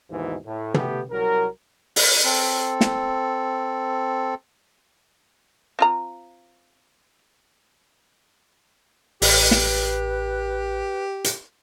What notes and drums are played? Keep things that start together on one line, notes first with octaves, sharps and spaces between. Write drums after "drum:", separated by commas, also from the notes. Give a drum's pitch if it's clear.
D#2 G#2 B2 E3
A2
A3 B3 G4, drum: tom
C2 F#3 A#4
drum: open hi-hat
C4 A4
drum: snare
C4 F4 A#5
A1 G4 B4, drum: open hi-hat
drum: snare
drum: hi-hat